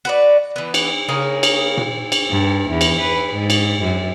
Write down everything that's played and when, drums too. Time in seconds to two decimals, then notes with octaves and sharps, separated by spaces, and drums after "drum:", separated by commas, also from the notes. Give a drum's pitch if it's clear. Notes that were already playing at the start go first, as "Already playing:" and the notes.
0.05 F#4 B4 D5
0.56 E3 B3
0.74 drum: cymbal
1.09 C#3 A#3 G#4
1.43 drum: cymbal
1.77 drum: tom A#2
2.12 drum: cymbal
2.30 G2
2.69 E2
2.81 drum: cymbal
3.00 B4
3.34 G#2
3.50 drum: cymbal
3.81 F#2